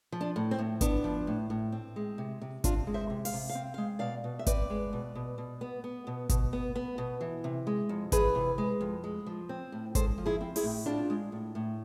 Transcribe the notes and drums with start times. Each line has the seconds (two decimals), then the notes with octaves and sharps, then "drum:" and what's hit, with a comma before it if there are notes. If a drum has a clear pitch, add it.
0.12 F3
0.21 D4
0.36 A2
0.51 C4
0.58 A2
0.81 B3 D4, drum: kick G#1, hi-hat
1.04 F3
1.27 A2
1.50 A2
1.72 C4
1.96 G#3
2.18 C3
2.41 C3
2.64 C4 D4 F4, drum: kick G#1, hi-hat
2.87 G#3
2.94 C5 E5
3.10 C3
3.25 F5, drum: open hi-hat
3.33 C3
3.49 F5
3.55 C4
3.74 G#3 F5
3.99 B2 D5 F5
4.24 B2
4.39 E5
4.46 C4 B4 D5, drum: kick G#1, hi-hat
4.70 G#3
4.93 B2
5.15 B2
5.38 B2
5.61 B3
5.84 B3
6.07 B2
6.29 B2, drum: kick G#1, hi-hat
6.53 B3
6.76 B3
6.98 B2
7.21 E3
7.44 C3
7.67 G#3
7.89 F2
8.12 E3 G#4 B4, drum: kick G#1, hi-hat
8.35 C3
8.58 G#3
8.81 F2
9.04 G#3
9.26 F3
9.49 C4
9.72 A2
9.95 G#3 A4 C5, drum: kick G#1, hi-hat
10.18 F3
10.26 E4 G#4
10.41 C4
10.56 E4 G#4, drum: open hi-hat
10.63 A2
10.86 C4 D4 F4
11.10 G#3
11.32 A2
11.55 A2